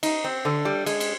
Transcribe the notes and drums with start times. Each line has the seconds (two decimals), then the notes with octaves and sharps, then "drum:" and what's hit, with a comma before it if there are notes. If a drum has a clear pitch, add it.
0.03 D#4, drum: cymbal
0.24 C4
0.45 D3
0.65 G3
0.86 G#3, drum: cymbal
1.00 drum: cymbal